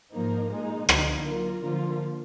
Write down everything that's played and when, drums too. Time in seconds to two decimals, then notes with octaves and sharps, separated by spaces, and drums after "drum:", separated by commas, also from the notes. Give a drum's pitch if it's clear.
0.13 G#2 F3 A#3 D#4 A#4
0.51 A#2 G#3 D#4
0.89 D3 F3 B3 D#4, drum: rim click
1.25 F#3 A#3 F4 A#4
1.63 D3 F3 A#3 F4